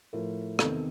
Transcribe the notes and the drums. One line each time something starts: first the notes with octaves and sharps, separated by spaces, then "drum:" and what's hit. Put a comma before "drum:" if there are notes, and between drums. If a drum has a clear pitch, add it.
A2 F3 A#4
E2 C3 D#3 A4, drum: rim click